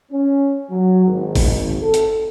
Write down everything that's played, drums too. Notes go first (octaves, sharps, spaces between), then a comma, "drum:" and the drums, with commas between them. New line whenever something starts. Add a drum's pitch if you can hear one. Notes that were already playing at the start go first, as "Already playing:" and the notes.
C#4
F#3
G#1
drum: kick G1, open hi-hat
A4
drum: hi-hat